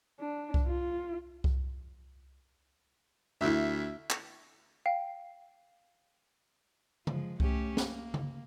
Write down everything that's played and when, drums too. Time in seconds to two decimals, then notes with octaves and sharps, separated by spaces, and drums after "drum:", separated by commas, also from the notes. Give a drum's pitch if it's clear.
0.20 D4
0.54 drum: kick C2
0.67 F4
1.44 drum: kick C2
3.41 D2 E4 E5
4.10 drum: clap
4.86 F5 G5
7.07 F3 G#3, drum: tom C#3
7.40 A3 C#4 G4, drum: kick C2
7.77 A#3, drum: snare
8.14 drum: tom C#3